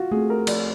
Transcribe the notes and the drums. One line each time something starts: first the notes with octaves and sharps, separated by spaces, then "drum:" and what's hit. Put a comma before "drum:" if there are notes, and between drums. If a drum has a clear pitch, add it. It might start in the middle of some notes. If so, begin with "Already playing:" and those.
Already playing: F4 F#4
A3 C4 G#4
A#4
F3 D5, drum: cymbal